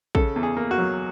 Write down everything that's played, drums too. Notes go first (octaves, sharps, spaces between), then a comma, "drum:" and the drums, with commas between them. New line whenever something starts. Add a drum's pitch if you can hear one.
C#3 A4, drum: kick
E2
G#4
A#3
F#4
F#3